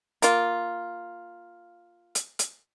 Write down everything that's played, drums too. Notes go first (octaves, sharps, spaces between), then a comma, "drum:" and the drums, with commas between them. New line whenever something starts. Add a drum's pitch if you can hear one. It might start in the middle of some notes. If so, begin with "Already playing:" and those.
A#3 F4, drum: hi-hat
drum: hi-hat
drum: hi-hat